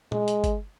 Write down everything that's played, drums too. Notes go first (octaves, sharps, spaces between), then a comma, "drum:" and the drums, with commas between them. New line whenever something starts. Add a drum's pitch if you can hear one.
G#3, drum: tom A#2
drum: hi-hat
drum: kick G1, hi-hat